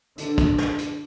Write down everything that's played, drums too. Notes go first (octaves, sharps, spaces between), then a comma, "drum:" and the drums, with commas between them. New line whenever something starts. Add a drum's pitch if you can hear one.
D3 D4, drum: hi-hat
drum: kick, hi-hat
drum: snare
drum: hi-hat